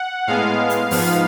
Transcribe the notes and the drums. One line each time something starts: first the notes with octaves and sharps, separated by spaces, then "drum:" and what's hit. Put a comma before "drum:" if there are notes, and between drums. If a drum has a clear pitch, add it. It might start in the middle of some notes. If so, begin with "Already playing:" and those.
Already playing: F#5
A2 G#3 B3 F5
drum: hi-hat
G#2 F3 B3, drum: open hi-hat